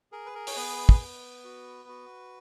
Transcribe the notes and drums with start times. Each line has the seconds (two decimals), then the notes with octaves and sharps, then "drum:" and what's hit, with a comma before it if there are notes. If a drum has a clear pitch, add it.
0.12 G#4 A#4
0.26 B4
0.35 A#4
0.47 C#5, drum: open hi-hat
0.56 B3 B4
0.89 drum: kick
1.00 B3
1.44 F#4
1.89 F#4